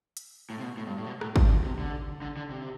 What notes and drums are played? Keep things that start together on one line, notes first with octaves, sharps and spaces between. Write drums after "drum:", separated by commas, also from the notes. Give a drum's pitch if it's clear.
drum: hi-hat
A2
C3
B2
A2
G2
A2
B2
A2, drum: rim click
G2, drum: kick
B2
C3
D3
D3
D3
C3